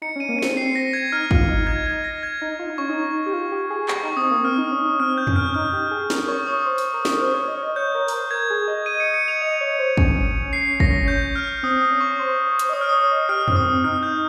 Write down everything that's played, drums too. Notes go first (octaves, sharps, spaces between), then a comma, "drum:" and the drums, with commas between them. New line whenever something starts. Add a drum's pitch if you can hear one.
D#4 C#7
C#4
D#7
A#3
C#4 C#7
C4, drum: snare
C7
A#6
G#6
D#4 F6
F4, drum: kick
D#4
G#6
G#6
A#6
G#6
D#4
F4
D#4
C#4 C#6
D#4
G4
F4
G4
G#4
G4 C#6, drum: clap
D#4
C4 D#6
A#3
C4 F6
D#4
C#4
D#4
C4 F6
G6
C#4, drum: tom F2
F6
D#4 F6
G4
G#4
A#4, drum: snare
C#5 C#6
C#5 D#6
C5
drum: open hi-hat
A#4
drum: snare
C5 F6
C#5
D#5
C#5
D#5
C#5 G6
A#4
A#4, drum: open hi-hat
C5
A#4 G#6
G#4
D#5
D#7
C#7
C#7
F7
D#5 D#7
C#5
C5
C#4, drum: kick
C7
A#6, drum: kick
G6
F6
C4 D#6
D#6
C#4
C#6
C5
C#5
C5, drum: hi-hat
D#5
C#5 D#6
F6
D#6
C#5
D#5
G4 F6
C4, drum: tom F2
D#6
C4
D#4 F6
G6